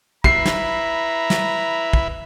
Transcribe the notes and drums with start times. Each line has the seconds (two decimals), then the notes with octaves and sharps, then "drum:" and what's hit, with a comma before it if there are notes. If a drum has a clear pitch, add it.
0.24 E4 B4 E5 A#5 C7, drum: kick
0.45 drum: snare
1.30 drum: snare
1.93 drum: kick